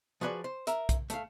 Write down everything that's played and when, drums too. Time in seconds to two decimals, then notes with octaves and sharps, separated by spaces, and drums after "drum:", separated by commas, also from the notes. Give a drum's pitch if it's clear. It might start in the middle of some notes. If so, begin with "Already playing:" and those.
0.21 F3 F#4 G#4 B4 D5
0.44 C5
0.67 A#4 E5, drum: hi-hat
0.89 drum: kick B1, hi-hat
1.10 A3 F5, drum: hi-hat